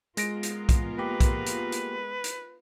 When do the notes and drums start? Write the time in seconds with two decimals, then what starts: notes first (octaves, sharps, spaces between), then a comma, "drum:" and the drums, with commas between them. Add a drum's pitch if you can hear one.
0.17 G#3 B3 F4 A#4 A#6 D7, drum: hi-hat
0.43 drum: hi-hat
0.69 drum: kick B1, hi-hat
0.98 A#3 G4 B4
1.20 drum: kick B1, hi-hat
1.46 drum: hi-hat
1.72 drum: hi-hat
2.24 drum: hi-hat